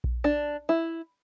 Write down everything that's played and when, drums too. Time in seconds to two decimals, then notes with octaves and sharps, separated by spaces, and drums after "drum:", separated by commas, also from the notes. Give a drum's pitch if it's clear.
0.04 drum: kick A#1
0.24 D4
0.69 E4